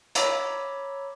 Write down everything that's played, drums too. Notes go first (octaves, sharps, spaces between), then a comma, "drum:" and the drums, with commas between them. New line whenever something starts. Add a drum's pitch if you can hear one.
C#5 A#5 B5 D6 E6, drum: hi-hat